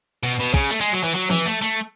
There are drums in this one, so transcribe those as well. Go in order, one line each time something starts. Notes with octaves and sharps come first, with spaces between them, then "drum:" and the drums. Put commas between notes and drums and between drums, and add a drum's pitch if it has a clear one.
B2
B2
C#3, drum: kick
A3
G#3
F#3
E3
F#3
E3, drum: tom F3
A3
A3